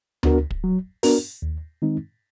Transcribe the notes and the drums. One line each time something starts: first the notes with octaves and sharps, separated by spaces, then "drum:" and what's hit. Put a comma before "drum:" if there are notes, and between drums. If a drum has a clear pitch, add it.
B3 D4 F#4 A#4, drum: tom D2
drum: kick
F#3
B3 D4 F#4 A#4, drum: open hi-hat
D#2
D#3 G#3 C4 D#4